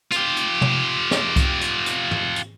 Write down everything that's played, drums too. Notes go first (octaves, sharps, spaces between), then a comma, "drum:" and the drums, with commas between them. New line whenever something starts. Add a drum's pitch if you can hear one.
F4 G4, drum: hi-hat
drum: hi-hat
drum: tom
drum: snare
drum: kick C2, hi-hat
drum: hi-hat
drum: hi-hat
drum: tom
drum: hi-hat